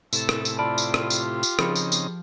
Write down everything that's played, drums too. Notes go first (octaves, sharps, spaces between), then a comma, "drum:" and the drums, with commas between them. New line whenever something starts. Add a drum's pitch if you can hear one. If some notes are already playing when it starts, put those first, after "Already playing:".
A2 C3 E4 A4 A5, drum: tambourine
drum: rim click
drum: tambourine
F4 G4 D5 A5 B5 F6
drum: tambourine
drum: rim click
drum: tambourine
drum: tambourine
C#3 F3 C4 D#4 G#4 B5 C#7, drum: rim click
drum: tambourine
drum: tambourine